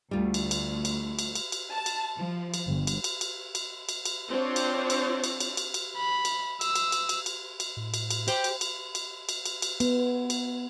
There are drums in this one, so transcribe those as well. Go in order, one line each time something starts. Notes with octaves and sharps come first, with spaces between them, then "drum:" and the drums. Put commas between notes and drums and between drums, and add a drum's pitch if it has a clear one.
D2 G3 F4
drum: cymbal
drum: cymbal
drum: cymbal
drum: cymbal
drum: cymbal
drum: cymbal
A5
drum: cymbal
F3
drum: cymbal
G1
drum: cymbal
drum: cymbal
drum: cymbal
drum: cymbal
drum: cymbal
drum: cymbal
C4 D4 F4 C5 C#5
drum: cymbal
drum: cymbal
drum: cymbal
drum: cymbal
drum: cymbal
drum: cymbal
B5
drum: cymbal
E6, drum: cymbal
drum: cymbal
drum: cymbal
drum: cymbal
drum: cymbal
drum: cymbal
A2
drum: cymbal
drum: cymbal
G4 C5, drum: cymbal
drum: cymbal
drum: cymbal
drum: cymbal
drum: cymbal
drum: cymbal
drum: cymbal
B3, drum: cymbal
drum: cymbal